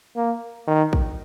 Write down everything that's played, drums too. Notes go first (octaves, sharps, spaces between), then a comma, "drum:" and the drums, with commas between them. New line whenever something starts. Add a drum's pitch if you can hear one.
A#3
D#3
drum: kick